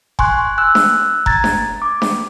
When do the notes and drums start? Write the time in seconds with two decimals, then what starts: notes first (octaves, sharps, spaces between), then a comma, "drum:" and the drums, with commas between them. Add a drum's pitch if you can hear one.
0.19 G#5 C6 C#6 F#6, drum: kick F1
0.58 E6 F#6
0.75 drum: snare D4
1.26 A#5 G#6 A6, drum: kick F1
1.44 drum: snare D4
1.82 D6
2.02 drum: snare D4